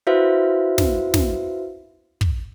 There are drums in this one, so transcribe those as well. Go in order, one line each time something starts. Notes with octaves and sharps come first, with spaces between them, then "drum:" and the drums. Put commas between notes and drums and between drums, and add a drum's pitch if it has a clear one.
E4 F#4 B4 C5 E5 F5
drum: snare
drum: snare
drum: kick